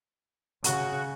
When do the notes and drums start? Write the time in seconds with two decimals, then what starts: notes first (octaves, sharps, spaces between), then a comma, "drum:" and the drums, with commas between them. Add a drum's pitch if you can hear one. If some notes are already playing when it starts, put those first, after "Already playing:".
0.64 C#3 F#4, drum: hi-hat